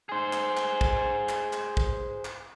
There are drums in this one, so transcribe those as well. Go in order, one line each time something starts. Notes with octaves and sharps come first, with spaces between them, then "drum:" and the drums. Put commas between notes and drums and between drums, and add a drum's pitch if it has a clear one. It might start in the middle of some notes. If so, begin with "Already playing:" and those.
G#4 C5
drum: clap
drum: clap
drum: kick
drum: clap
drum: clap
drum: kick
drum: clap